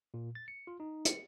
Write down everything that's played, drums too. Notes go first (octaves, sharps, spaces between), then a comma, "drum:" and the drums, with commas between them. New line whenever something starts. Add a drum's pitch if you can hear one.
A#2
A6
C#7
F4
D#4
C#7, drum: hi-hat